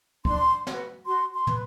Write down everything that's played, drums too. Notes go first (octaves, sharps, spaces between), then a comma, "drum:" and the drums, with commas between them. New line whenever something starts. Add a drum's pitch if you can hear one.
D4 C6, drum: kick
F#4 B4, drum: snare
F#4 C6
C6
B4, drum: tom